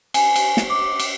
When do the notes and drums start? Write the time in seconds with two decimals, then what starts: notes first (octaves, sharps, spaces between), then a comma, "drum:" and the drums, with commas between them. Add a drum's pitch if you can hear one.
0.14 G#5, drum: cymbal
0.36 drum: cymbal
0.57 drum: snare
0.70 D6
0.99 drum: cymbal